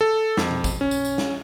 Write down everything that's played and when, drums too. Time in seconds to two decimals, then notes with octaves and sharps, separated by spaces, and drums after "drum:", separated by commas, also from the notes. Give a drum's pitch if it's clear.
0.01 A4
0.37 F2, drum: snare
0.51 drum: tom B2
0.64 drum: kick, tambourine
0.81 C#4
0.91 drum: tambourine
1.05 drum: tambourine
1.18 drum: snare